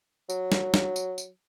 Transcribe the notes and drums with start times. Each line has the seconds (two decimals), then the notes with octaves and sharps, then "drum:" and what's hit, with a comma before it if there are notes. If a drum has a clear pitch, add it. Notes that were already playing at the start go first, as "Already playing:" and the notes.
0.30 F#3, drum: tambourine
0.52 drum: snare
0.74 drum: snare
0.96 drum: tambourine
1.18 drum: tambourine